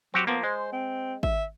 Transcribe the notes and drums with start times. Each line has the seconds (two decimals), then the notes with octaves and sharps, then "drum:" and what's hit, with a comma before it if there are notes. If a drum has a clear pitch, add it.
0.14 F#3 C4 F#4 G4
0.27 F3 A#3 B3
0.43 G#3 C5
0.72 C4
1.23 E5, drum: kick